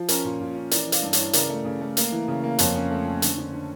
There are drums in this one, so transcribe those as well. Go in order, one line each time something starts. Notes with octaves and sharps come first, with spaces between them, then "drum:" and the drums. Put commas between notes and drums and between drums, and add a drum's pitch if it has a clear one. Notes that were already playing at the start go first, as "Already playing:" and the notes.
Already playing: F3
C#4 A#4, drum: hi-hat
A#2
A#2
C#4
E3 A#4 D5, drum: hi-hat
E3
D5 F5, drum: hi-hat
G2
C#5, drum: hi-hat
E3
C#3 A#4 D5, drum: hi-hat
A3
C#3
A3
A#3, drum: hi-hat
E3
C#3
A#3
F2 C#5, drum: hi-hat
C#4
A3
C#4
D3, drum: hi-hat
D3
D3